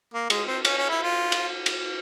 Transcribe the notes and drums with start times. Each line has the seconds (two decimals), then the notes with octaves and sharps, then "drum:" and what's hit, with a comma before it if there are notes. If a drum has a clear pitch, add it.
0.14 A#3
0.30 G#3, drum: cymbal
0.47 C4
0.65 C#4, drum: cymbal
0.77 C#4
0.89 E4
1.03 F4
1.32 drum: cymbal
1.66 drum: cymbal